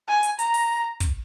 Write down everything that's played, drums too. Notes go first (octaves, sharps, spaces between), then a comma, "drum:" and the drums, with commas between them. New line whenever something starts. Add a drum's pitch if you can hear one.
G#5
drum: hi-hat
A#5, drum: hi-hat
drum: open hi-hat
drum: kick, hi-hat